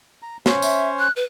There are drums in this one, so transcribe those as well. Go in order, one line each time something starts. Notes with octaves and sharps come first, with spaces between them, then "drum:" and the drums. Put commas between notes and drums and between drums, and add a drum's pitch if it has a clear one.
A#5
C#4 C5 C#5, drum: snare
E5, drum: tambourine
F#6
B4